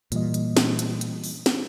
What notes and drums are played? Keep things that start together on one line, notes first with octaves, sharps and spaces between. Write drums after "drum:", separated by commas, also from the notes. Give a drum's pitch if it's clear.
A#2 E3 G3 D#5, drum: hi-hat
drum: hi-hat
drum: snare
drum: hi-hat
drum: hi-hat
drum: open hi-hat
drum: snare